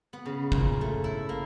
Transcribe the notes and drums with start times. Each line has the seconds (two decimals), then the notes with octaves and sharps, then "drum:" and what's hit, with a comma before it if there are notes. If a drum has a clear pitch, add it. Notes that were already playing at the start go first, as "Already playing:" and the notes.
0.13 B3
0.26 C#3
0.52 A#2, drum: kick
0.81 A3
1.04 E4
1.29 A#3